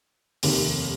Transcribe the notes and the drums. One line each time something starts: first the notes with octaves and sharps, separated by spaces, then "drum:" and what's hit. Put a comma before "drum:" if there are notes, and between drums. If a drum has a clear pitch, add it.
F1 D#2 D#3 A#3 G4, drum: open hi-hat